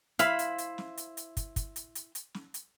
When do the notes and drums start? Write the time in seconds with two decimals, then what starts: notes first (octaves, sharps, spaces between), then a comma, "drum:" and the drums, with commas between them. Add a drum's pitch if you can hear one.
0.19 E4 C5 F5 B5, drum: hi-hat
0.39 drum: hi-hat
0.58 drum: hi-hat
0.78 drum: snare
0.97 drum: hi-hat
1.17 drum: hi-hat
1.37 drum: kick, hi-hat
1.56 drum: kick, hi-hat
1.76 drum: hi-hat
1.95 drum: hi-hat
2.15 drum: hi-hat
2.34 drum: snare
2.54 drum: hi-hat